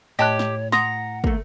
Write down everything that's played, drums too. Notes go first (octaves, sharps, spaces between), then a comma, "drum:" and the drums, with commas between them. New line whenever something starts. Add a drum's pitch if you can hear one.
A2 G4 C#5 D#5 A5 F#6
drum: snare
F#5 A#5 C6 D#6 A#6, drum: snare
A3 A#3, drum: kick